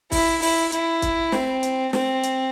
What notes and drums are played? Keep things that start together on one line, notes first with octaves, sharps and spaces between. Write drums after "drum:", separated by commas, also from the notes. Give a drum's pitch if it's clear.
E4, drum: kick, open hi-hat
E4, drum: open hi-hat
E4, drum: hi-hat
drum: kick, hi-hat
C4, drum: snare
drum: hi-hat
C4, drum: snare
drum: hi-hat